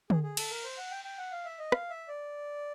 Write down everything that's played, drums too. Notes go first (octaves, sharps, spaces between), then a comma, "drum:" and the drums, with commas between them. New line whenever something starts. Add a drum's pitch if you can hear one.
G#4, drum: tom D3
G#4
A4, drum: cymbal
A#4
C5
F#5
G5
G5
F#5
F5
E5
D#5
F5, drum: rim click
E5
D5